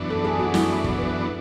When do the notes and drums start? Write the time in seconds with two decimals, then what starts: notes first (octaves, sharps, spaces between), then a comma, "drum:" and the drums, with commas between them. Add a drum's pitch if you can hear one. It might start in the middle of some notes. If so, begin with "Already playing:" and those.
Already playing: F#2 E3 B3 D4
0.10 A4
0.25 G#4
0.39 F#4
0.54 E4, drum: snare
0.84 drum: kick
0.98 B4